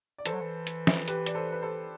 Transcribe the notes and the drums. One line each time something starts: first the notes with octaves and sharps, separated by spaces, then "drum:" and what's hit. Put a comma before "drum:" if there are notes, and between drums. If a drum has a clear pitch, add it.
D5
E3 A4 C5, drum: hi-hat
F#3
E3
drum: hi-hat
drum: snare
G4 B4, drum: hi-hat
D5, drum: hi-hat
A4 C5
B4
A4 C5